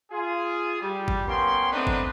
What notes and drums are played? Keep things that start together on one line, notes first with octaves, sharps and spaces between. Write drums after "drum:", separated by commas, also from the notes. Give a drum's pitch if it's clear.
F4 G#4
G3
drum: kick
A#3 B3 C#4 G5 C6
A3 B3 C4 D4 D#4 B4
drum: kick